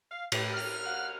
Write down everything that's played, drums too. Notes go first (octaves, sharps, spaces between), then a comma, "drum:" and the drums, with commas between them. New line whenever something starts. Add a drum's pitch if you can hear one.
F5
A2 G4 B4, drum: cymbal
F6
F#4 F5 F#5